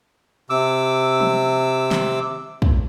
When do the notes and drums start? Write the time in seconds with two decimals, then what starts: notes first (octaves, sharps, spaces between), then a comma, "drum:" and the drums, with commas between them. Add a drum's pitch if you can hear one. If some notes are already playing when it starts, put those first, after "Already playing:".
0.50 C3 D6 E6
1.20 drum: tom
1.91 drum: snare
2.62 drum: kick